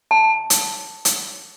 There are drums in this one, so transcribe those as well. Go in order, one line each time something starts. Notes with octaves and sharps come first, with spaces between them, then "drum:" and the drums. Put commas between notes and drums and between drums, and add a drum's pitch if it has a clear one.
A5
drum: hi-hat
drum: hi-hat